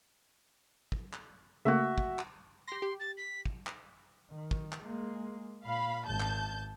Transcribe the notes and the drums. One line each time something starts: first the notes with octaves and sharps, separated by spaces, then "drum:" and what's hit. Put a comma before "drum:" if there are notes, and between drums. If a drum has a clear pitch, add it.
drum: kick
drum: clap
C#3 A3 A#3 F#4 E5
drum: kick
drum: clap
G4 C6 A#6
G4
A6
B6
drum: kick
drum: clap
D#3
drum: kick
drum: clap
G#3 A#3
A#2 F5 B5
G#1 A5 G6
drum: clap